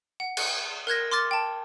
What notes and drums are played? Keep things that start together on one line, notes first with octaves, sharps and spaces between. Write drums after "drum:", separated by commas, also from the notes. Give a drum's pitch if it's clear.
F#5
drum: cymbal
A#4 F#6 G#6 A#6
C6 D6 F6 A6
G5 A5